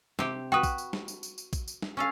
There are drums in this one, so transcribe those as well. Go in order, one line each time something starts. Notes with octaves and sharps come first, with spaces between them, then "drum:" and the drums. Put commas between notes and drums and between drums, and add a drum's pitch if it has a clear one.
C3 G4, drum: snare
F#4 B4 G5 D#6
drum: kick A#1, tambourine
drum: tambourine
drum: snare
drum: tambourine
drum: tambourine
drum: tambourine
drum: kick A#1, tambourine
drum: tambourine
drum: snare
C#4 A4 F5